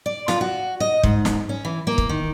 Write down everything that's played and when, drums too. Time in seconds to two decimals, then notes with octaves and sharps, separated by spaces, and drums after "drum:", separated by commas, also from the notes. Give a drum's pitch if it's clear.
0.06 D5
0.28 F4, drum: snare
0.41 F#4
0.80 D#5
1.03 G#2, drum: kick
1.25 drum: snare
1.49 C#4
1.65 E3
1.87 A#3
1.98 drum: kick
2.09 D#3